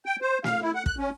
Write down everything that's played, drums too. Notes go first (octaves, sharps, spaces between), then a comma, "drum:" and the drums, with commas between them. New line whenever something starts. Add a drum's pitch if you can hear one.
G5
C5
F5, drum: snare
E4
F#5
F#6, drum: kick
C#4